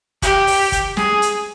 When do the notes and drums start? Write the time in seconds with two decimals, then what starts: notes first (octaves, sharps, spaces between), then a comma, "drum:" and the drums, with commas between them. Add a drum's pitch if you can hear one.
0.22 G4, drum: kick G1, hi-hat
0.47 drum: open hi-hat
0.72 drum: kick G1, hi-hat
0.97 G#4, drum: snare
1.22 drum: hi-hat